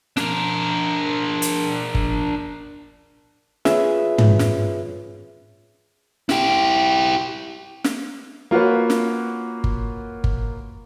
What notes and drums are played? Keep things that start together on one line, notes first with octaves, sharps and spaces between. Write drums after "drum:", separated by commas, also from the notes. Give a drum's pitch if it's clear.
D4 A#4, drum: snare
drum: hi-hat
drum: kick G1
F4 G#4 B4 C#5 E5, drum: snare
drum: tom
drum: snare
E4 G4, drum: snare
drum: snare
A#3 F4 F#4 B4 C#5
drum: snare
drum: kick G1
drum: kick G1